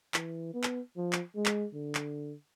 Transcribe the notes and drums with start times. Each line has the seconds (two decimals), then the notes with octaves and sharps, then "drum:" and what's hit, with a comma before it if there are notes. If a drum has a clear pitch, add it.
0.14 E3, drum: clap
0.54 B3
0.63 drum: clap
0.97 F3
1.13 drum: clap
1.36 G#3
1.46 drum: clap
1.74 D3
1.95 drum: clap